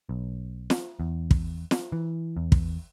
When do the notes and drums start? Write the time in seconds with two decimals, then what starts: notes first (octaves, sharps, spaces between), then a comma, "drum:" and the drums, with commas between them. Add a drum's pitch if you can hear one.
0.09 B1
0.70 drum: snare
1.00 E2
1.31 drum: kick
1.71 drum: snare
1.92 E3
2.37 E2
2.52 drum: kick